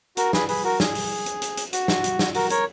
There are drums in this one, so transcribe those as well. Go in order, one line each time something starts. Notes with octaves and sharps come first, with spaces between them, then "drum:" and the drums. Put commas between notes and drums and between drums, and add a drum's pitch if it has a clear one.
F#4 A#4, drum: hi-hat
G#4 B4, drum: snare
G#4 B4, drum: open hi-hat
F#4 A#4
G#4, drum: snare
drum: open hi-hat
drum: hi-hat
drum: hi-hat
drum: hi-hat
F#4, drum: hi-hat
drum: snare
drum: hi-hat
drum: snare
F#4 A#4, drum: open hi-hat
A#4 C#5, drum: hi-hat